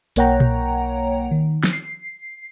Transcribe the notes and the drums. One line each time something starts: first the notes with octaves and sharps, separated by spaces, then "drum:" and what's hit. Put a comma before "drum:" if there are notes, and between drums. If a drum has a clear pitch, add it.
B1 A#3 C#5 F#5 G5 A#5, drum: hi-hat
drum: tom A#2
D#3
drum: snare
C7